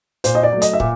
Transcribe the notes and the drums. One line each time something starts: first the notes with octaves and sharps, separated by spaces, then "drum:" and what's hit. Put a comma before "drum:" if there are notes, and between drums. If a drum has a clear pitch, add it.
A#2 C5, drum: hi-hat
D#5
D5
F#3 A3
D#5, drum: hi-hat
E5
A#2, drum: kick